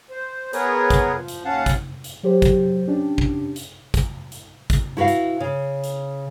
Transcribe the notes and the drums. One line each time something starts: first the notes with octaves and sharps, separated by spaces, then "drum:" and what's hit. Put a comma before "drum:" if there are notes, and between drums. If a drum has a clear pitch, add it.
C5
B3 G#4 A#4 B4 C#5, drum: hi-hat
drum: kick, hi-hat
F3
drum: hi-hat
D#2 C#4 F5 F#5 A5
drum: kick, hi-hat
drum: hi-hat
F#3 G4 C5
drum: kick, hi-hat
C#4 D4 G4
drum: kick
drum: hi-hat
drum: kick, hi-hat
drum: hi-hat
drum: kick, hi-hat
E4 F#4 A#4 B4 F5
drum: hi-hat
C#3
drum: hi-hat